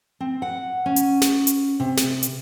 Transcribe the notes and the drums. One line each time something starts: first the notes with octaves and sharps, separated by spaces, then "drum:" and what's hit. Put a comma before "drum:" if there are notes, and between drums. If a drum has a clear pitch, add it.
C4
F#5
C#4
drum: hi-hat
drum: snare
drum: hi-hat
C3
drum: snare
drum: hi-hat